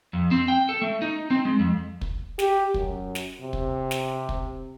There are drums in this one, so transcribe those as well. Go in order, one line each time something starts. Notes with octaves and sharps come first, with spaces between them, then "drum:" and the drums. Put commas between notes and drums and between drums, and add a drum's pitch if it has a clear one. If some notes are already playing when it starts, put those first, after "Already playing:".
F2
C4
G5
A4
A3
D#4
C4
G#3
F2
drum: kick
G4, drum: snare
F#2, drum: kick
drum: snare
C3
drum: kick
drum: snare
drum: kick